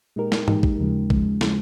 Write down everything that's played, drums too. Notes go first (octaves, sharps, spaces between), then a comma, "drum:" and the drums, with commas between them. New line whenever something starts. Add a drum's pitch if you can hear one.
A#2 G#3 D#4 G4 A#4
drum: snare
A#2 G#3 D#4 G4 A#4, drum: tom G#2
drum: kick A1
D#2 C#3 F3 G#3
D#2 C#3 F3 G#3, drum: kick A1
C#3 F3 G#3 C4, drum: snare